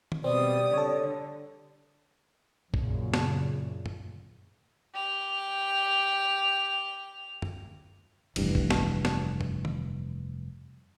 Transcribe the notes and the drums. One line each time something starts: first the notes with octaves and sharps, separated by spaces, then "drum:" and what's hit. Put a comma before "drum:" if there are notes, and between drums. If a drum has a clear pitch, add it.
drum: tom D#3
B2 G3 C4 D5 D#6
D3 A4 C#5
F#2 A#2 C#3, drum: kick
drum: snare
drum: tom F#2
G4 F7
drum: tom F#2
F1 G2 E3, drum: cymbal
drum: kick
drum: snare
drum: snare
drum: tom F#2
drum: tom D#3